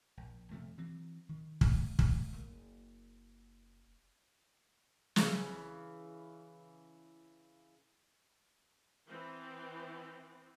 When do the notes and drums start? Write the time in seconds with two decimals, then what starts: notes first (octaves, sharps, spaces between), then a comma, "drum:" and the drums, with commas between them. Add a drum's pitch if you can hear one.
0.17 A#1
0.51 F2 C3 F3 A3
0.78 E3 F#3 C4
1.29 D#3
1.61 drum: kick
1.99 drum: kick
2.33 F#1 A#3
5.16 C#3 E3, drum: snare
9.08 E3 B3 C4